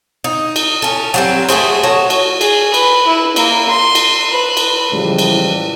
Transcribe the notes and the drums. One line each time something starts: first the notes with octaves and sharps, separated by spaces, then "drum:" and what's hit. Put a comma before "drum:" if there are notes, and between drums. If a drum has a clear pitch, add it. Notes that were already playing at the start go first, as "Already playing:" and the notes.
D#4
drum: cymbal
C#4 A4
F#3 G3 C4
A3 F#4 G#4 C5, drum: cymbal
F#4 A4 C#5
drum: cymbal
G#4, drum: cymbal
B4, drum: cymbal
E4
A#3, drum: cymbal
C6
drum: cymbal
B4
drum: cymbal
A2 C#3 E3 F3 G3 G#3
drum: cymbal